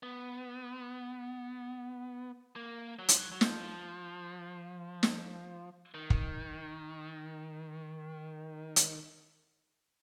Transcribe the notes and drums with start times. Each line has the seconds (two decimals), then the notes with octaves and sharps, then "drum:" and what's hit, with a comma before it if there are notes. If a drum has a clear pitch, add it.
0.03 B3
2.56 A#3
2.99 F#3
3.09 F3, drum: hi-hat
3.17 F#3
3.32 F#3
3.41 F3, drum: snare
5.03 drum: snare
5.94 D#3
6.10 drum: kick
8.76 drum: hi-hat